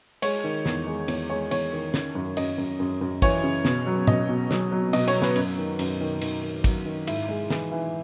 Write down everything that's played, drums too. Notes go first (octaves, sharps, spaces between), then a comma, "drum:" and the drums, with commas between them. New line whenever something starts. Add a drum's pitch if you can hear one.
G#3 C#5, drum: cymbal
D#3
E2, drum: snare
G#3
E2 C#5, drum: cymbal
G#3 C#5
E2 C#5, drum: cymbal
D#3
C#3, drum: snare
F#2
F#2 D#5, drum: cymbal
F#2
F#2
F#2
E3 C#5, drum: kick, cymbal
C#3
B2, drum: snare
F#3
B2 D#5, drum: tom
B2
F#3, drum: snare
F#3
B2 D#5, drum: cymbal
C#5, drum: cymbal
F#3
B4, drum: snare
F#2, drum: cymbal
D#3
F#2, drum: cymbal
D#3
D#3, drum: cymbal
D#3
F#3, drum: kick, cymbal
D#3
G#2 E4, drum: cymbal
G#3
E3, drum: snare
E3